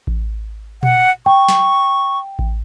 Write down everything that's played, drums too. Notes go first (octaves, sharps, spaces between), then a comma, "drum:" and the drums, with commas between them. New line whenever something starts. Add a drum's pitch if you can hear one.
drum: kick A1
F#5, drum: tom A#2
G5 C#6
drum: snare
drum: kick A1